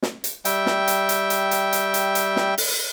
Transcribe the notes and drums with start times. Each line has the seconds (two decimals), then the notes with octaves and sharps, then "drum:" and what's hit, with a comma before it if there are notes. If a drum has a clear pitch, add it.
0.03 drum: snare
0.24 drum: hi-hat
0.45 G3 E5 G5, drum: hi-hat
0.66 drum: snare
0.88 drum: hi-hat
1.09 drum: hi-hat
1.30 drum: hi-hat
1.51 drum: hi-hat
1.73 drum: hi-hat
1.94 drum: hi-hat
2.15 drum: hi-hat
2.36 drum: snare
2.58 drum: open hi-hat